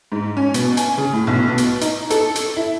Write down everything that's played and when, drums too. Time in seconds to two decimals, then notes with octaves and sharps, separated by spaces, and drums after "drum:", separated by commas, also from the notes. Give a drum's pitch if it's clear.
0.12 G#2
0.37 C#4
0.54 B2, drum: hi-hat
0.77 G#5, drum: hi-hat
0.97 C#3
1.13 A2
1.27 B1
1.48 B2
1.58 drum: hi-hat
1.81 D#4, drum: hi-hat
2.10 A4, drum: hi-hat
2.35 drum: hi-hat
2.57 E4